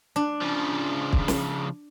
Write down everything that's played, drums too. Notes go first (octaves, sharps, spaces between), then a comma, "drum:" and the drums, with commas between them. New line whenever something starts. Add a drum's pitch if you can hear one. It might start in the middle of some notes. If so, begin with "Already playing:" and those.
D4
C#3 F3
drum: kick
drum: snare